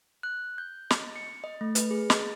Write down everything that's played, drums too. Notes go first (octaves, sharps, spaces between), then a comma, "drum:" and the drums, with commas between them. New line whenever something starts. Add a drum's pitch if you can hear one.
F#6
G6
D#5, drum: snare
C#7
D#5
A3
B4, drum: hi-hat
G#4
D#5, drum: snare